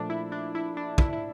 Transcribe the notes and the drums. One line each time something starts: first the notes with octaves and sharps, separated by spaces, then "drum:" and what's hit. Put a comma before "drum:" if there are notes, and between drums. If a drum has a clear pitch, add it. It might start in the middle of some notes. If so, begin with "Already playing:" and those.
Already playing: A#2 F3 A3 D4
E4
D4
E4
D4
E4, drum: kick
E4